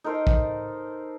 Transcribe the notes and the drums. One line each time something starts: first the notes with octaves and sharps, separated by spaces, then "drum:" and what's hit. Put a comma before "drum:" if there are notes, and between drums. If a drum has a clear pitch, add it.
D#4 A4 A#4 C5
drum: kick